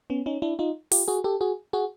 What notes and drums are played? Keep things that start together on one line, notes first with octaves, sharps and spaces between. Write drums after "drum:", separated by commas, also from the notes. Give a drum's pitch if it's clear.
B3 C#4
C#4 D#4
D4 E4
D#4 F4
F4 G4, drum: open hi-hat
F#4 G#4
G4 A4
F#4 G#4
F#4 G#4